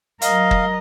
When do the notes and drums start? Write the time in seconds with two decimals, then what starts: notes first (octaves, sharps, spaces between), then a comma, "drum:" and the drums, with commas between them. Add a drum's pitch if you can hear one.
0.22 F#3 A#4 D#5 F5, drum: hi-hat
0.51 drum: kick